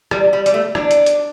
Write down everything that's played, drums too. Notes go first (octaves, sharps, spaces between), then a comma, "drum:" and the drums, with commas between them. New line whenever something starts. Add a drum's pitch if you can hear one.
G3, drum: rim click
G3
G3, drum: hi-hat
A3
D4, drum: rim click
drum: hi-hat
drum: hi-hat